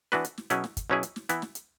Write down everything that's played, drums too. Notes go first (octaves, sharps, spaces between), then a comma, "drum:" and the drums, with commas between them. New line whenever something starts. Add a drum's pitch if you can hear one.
E3 B3 D4 F#4 B4, drum: snare
drum: hi-hat
drum: snare
B2 F#3 C#4 E4 G#4, drum: hi-hat
drum: snare
drum: kick, hi-hat
B2 F#3 C#4 E4 G#4
drum: hi-hat
drum: snare
E3 B3 E4, drum: hi-hat
drum: snare
drum: hi-hat